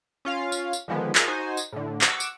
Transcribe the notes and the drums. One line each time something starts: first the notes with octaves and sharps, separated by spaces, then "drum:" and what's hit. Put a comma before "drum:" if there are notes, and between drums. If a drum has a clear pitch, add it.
C#4 F4 F5
drum: tambourine
drum: tambourine
D3 D#3 F3 G#3 B3
F4 G#4 A#4 D#5, drum: clap
D#4 F#4 C5 G#5
drum: tambourine
A2 D3
F#5 C#6 D6 E6, drum: clap
drum: tambourine